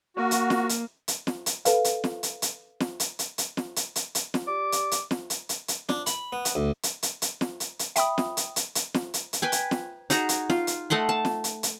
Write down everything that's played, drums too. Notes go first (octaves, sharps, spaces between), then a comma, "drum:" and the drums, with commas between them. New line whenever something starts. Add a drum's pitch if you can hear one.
A#3 F#4
drum: hi-hat
drum: snare
drum: hi-hat
drum: hi-hat
drum: snare
drum: hi-hat
A4 B4 F5, drum: hi-hat
drum: hi-hat
drum: snare
drum: hi-hat
drum: hi-hat
drum: snare
drum: hi-hat
drum: hi-hat
drum: hi-hat
drum: snare
drum: hi-hat
drum: hi-hat
drum: hi-hat
drum: snare
G4 D5 D6
drum: hi-hat
drum: hi-hat
drum: snare
drum: hi-hat
drum: hi-hat
drum: hi-hat
D4, drum: snare
B5, drum: hi-hat
B3
drum: hi-hat
D2
drum: hi-hat
drum: hi-hat
drum: hi-hat
drum: snare
drum: hi-hat
drum: hi-hat
E5 G5 B5 D#6, drum: hi-hat
drum: snare
drum: hi-hat
drum: hi-hat
drum: hi-hat
drum: snare
drum: hi-hat
drum: hi-hat
B4 G5 G#5
drum: hi-hat
drum: snare
D#4 F#4 G#4 A#5, drum: hi-hat
drum: hi-hat
F4, drum: snare
drum: hi-hat
A3 D#5 F#5 C6
A5
drum: snare
drum: hi-hat
drum: hi-hat